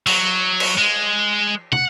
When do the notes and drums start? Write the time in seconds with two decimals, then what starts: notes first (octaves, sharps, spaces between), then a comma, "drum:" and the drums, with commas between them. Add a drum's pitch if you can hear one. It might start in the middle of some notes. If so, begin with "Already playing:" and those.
0.07 F#3, drum: cymbal
0.60 drum: cymbal
0.78 G#3
1.73 F#5, drum: tom